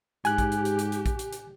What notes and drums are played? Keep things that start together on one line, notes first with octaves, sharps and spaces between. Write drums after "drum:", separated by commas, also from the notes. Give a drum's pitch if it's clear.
G#2 G4 G#5 F#6, drum: hi-hat
drum: kick, hi-hat
drum: hi-hat
drum: hi-hat
drum: hi-hat
drum: hi-hat
drum: kick, hi-hat
drum: hi-hat
drum: hi-hat